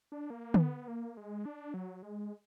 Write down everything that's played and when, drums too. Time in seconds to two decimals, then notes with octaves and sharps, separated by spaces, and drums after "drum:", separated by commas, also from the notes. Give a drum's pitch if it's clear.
0.12 D4
0.30 A#3
0.54 D4, drum: tom
0.59 B3
0.88 A#3
1.17 G#3
1.46 D4
1.74 F#3
2.03 G#3